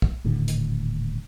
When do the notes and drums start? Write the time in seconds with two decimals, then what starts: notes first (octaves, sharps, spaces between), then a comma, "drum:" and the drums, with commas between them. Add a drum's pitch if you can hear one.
0.02 drum: kick
0.24 D#1 A2 D3 D4
0.48 drum: hi-hat